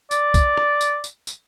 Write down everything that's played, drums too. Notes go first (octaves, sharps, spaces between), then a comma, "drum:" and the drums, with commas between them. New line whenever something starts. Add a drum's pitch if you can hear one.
D5, drum: tambourine
drum: kick, tambourine
drum: rim click
drum: tambourine
drum: tambourine
drum: tambourine